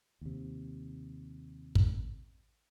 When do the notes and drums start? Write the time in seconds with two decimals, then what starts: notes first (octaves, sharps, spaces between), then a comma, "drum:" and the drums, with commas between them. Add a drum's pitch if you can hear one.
0.21 D#2 C3
1.75 drum: kick